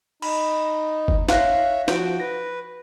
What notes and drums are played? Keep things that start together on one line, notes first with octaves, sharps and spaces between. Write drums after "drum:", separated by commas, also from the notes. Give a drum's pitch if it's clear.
D#4 B5, drum: cymbal
drum: kick
C#5 E5 F5 F#6 A#6, drum: snare
F3 F#4 G6 D7, drum: snare
B4 A#6